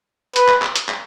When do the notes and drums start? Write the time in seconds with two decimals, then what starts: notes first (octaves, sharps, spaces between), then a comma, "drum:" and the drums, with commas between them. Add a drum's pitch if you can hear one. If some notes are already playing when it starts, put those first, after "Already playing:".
0.36 B4, drum: hi-hat
0.49 drum: clap
0.62 drum: clap
0.76 drum: hi-hat
0.89 drum: clap